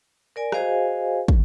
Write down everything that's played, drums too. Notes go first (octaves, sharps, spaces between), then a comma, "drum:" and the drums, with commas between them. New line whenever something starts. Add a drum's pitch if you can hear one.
A#4 D5 G#5
F#4 G#4 C5 D#5 F5 G#5, drum: rim click
drum: kick